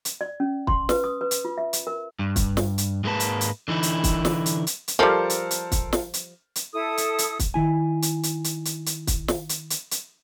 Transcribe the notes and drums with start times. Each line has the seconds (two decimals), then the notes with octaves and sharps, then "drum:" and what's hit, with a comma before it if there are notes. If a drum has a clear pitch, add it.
0.05 drum: hi-hat
0.21 D5
0.40 C#4
0.67 C6, drum: kick
0.89 B4, drum: snare
1.04 D#6
1.21 B4
1.31 drum: hi-hat
1.45 F4
1.58 E5
1.73 drum: hi-hat
1.87 A#4
2.19 G2
2.36 drum: kick, hi-hat
2.57 drum: snare
2.78 drum: hi-hat
3.04 G#2 G#3 A#3 B4 A5
3.20 drum: hi-hat
3.41 drum: hi-hat
3.68 D3 E3 D#4 E4
3.83 drum: hi-hat
4.04 drum: kick, hi-hat
4.25 drum: snare
4.46 drum: hi-hat
4.67 drum: hi-hat
4.88 drum: hi-hat
4.99 F3 G3 A4 A#4 C5
5.30 drum: hi-hat
5.51 drum: hi-hat
5.72 drum: kick, hi-hat
5.93 drum: snare
6.14 drum: hi-hat
6.56 drum: hi-hat
6.73 E4 A4 D#6
6.97 drum: hi-hat
7.18 drum: hi-hat
7.39 drum: kick, hi-hat
7.54 D#3 E4 G#5
8.02 drum: hi-hat
8.23 drum: hi-hat
8.44 drum: hi-hat
8.65 drum: hi-hat
8.86 drum: hi-hat
9.07 drum: kick, hi-hat
9.28 drum: snare
9.49 drum: hi-hat
9.70 drum: hi-hat
9.91 drum: hi-hat